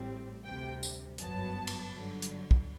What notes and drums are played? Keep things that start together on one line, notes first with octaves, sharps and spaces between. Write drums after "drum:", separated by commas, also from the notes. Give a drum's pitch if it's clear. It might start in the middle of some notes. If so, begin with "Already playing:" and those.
Already playing: A1 A2 G3 C4
D2 C3 G3 G5
drum: tambourine
G1 F#2 F#3 B3 A5, drum: hi-hat
drum: cymbal
G1 G2 D3 F#3
drum: hi-hat
drum: kick